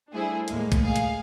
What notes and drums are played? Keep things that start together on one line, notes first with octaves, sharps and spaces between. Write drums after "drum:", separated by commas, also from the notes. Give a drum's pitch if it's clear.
G3 A3 D4 E4 G#4 C5
D#2 A2 G#3 A#3, drum: hi-hat
drum: kick A#1, hi-hat
G#4 F5 G#5
drum: hi-hat